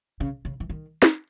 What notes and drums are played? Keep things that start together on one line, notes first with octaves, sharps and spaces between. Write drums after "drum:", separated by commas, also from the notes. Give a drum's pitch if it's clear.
C#3
C#3
E3
D#3
drum: snare